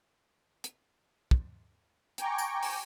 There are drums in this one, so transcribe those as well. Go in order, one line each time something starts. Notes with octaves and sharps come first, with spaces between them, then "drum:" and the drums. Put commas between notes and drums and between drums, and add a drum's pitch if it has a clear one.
drum: hi-hat
drum: kick
G5 G#5 A#5 C#6 D6, drum: hi-hat
drum: tambourine
drum: open hi-hat